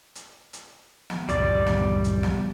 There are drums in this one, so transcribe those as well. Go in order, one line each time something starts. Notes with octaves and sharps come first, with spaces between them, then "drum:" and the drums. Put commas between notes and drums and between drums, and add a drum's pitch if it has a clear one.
drum: hi-hat
drum: hi-hat
drum: snare
F#1 C2 G3 D5, drum: hi-hat
drum: snare
drum: hi-hat
drum: snare